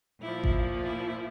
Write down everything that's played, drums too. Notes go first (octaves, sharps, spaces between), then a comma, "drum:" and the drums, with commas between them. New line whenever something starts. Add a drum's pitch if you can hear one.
A#2 F3 E4
drum: kick G#1
E4